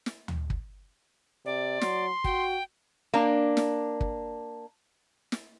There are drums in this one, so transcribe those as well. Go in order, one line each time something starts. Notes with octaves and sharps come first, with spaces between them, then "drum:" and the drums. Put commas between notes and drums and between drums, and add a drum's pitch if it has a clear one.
drum: snare
drum: tom D2
drum: kick
C3 D5
F#3 C6, drum: snare
F#4 G5, drum: kick
A#3 D4
drum: snare
drum: kick
drum: snare